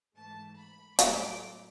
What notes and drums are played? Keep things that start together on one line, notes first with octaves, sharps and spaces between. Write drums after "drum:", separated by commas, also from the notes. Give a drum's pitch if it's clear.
G#2 E3 A3 A5
B5
A2 F#3 A3 D6, drum: hi-hat